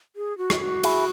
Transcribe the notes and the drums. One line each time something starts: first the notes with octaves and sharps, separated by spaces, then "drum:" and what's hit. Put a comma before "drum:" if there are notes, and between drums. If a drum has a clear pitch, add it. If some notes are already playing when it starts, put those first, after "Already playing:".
G#4
F#4
drum: rim click
F#4
E4 G#4, drum: cymbal